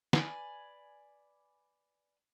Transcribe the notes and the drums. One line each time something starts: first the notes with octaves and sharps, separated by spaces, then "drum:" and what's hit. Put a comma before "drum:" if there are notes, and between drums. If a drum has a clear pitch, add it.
B4 D5 G#5, drum: snare